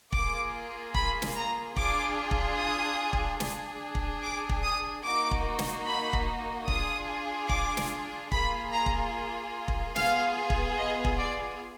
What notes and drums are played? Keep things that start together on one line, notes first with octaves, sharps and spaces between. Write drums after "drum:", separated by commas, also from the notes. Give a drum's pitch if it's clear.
A#3 F4 G#4 D6, drum: kick
B5, drum: kick
drum: snare
A#5
D4 F4 G#4 D6, drum: kick
drum: kick
D#6
drum: kick
D4 G#4, drum: snare
drum: kick
D6
drum: kick
D#6
A#3 D#4 F#4 D6
drum: kick
drum: snare
B5
drum: kick
D4 F4 G#4 D#6, drum: kick
D6, drum: kick
drum: snare
A#3 F4 G#4 B5, drum: kick
A#5
drum: kick
drum: kick
B3 F4 G#4 F5, drum: snare
drum: kick
D#5
drum: kick
D5